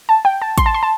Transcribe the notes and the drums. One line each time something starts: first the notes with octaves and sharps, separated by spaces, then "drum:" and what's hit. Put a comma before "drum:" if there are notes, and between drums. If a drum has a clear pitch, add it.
A5
G5
A5
C6, drum: kick, hi-hat
A5
C6
A5